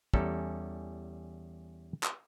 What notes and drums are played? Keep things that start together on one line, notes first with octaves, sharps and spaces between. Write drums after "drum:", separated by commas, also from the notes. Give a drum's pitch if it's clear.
E2 G3 C#4 A4 A#5, drum: kick
drum: clap